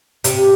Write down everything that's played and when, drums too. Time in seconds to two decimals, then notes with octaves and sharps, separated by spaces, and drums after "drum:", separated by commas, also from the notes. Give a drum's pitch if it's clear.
0.24 C3, drum: hi-hat